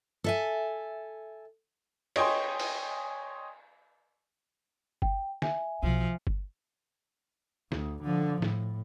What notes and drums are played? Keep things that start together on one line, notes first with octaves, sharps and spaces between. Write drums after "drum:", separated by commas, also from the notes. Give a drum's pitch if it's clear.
A4 E5 G#5
C#5 D#5 G5 G#5 C6, drum: cymbal
drum: open hi-hat
G5, drum: kick G1
E5 G#5, drum: snare
B1 F3 F4
drum: kick G1
D2, drum: snare
D3 F3
A2, drum: snare